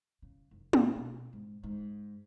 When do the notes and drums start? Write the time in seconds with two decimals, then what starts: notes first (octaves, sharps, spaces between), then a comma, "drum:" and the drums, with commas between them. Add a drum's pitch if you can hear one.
0.22 C#3
0.51 F1
0.73 A#2, drum: tom
0.96 B2
1.33 G#2
1.64 G#2